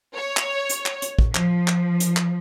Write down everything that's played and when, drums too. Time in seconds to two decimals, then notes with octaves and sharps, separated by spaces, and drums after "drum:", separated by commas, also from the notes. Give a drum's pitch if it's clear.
0.16 C#5
0.37 drum: clap
0.69 drum: hi-hat
0.86 drum: clap
1.02 drum: hi-hat
1.19 drum: kick
1.35 F3, drum: clap
1.68 drum: clap
2.00 drum: hi-hat
2.17 drum: clap